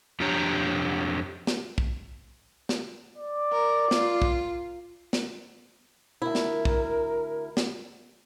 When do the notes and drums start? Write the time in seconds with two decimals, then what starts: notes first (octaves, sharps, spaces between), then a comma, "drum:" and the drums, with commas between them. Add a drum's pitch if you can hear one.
0.20 F2 F3 D4 G4 C#5 A#5
1.47 drum: snare
1.78 drum: kick
2.69 drum: snare
3.16 D5
3.52 A#4
3.91 F4, drum: snare
4.22 drum: kick
5.13 drum: snare
6.22 D2 E4 A#4
6.35 drum: snare
6.65 drum: kick
7.57 drum: snare